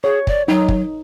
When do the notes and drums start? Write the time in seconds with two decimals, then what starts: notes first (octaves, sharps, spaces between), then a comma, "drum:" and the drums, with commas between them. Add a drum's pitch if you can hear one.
0.04 G#4 C#5
0.27 D5, drum: kick
0.48 F#3 D#4 D#5
0.68 drum: kick